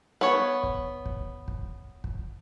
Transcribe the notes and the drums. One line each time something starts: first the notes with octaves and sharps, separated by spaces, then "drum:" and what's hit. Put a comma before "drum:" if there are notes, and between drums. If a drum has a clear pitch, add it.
B3 C#5
drum: kick
drum: kick
drum: kick
drum: kick